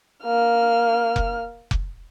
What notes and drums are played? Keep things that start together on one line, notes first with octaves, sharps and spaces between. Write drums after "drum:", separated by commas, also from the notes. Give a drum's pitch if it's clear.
A#3 F6
drum: kick F1
drum: kick F1